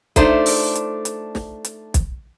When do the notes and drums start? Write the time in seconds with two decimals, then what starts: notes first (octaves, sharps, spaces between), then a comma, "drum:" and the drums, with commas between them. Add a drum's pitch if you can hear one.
0.16 A3 D4 D#4 F4 C5, drum: kick B1, hi-hat
0.46 drum: open hi-hat
0.75 drum: hi-hat
1.05 drum: hi-hat
1.35 drum: snare
1.65 drum: hi-hat
1.94 drum: kick B1, hi-hat